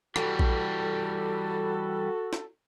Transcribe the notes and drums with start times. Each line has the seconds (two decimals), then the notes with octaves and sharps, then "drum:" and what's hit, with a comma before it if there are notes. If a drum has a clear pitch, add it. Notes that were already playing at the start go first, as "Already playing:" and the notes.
0.16 E3 G3 F#4 A4, drum: rim click
0.39 drum: kick A#1
2.33 drum: snare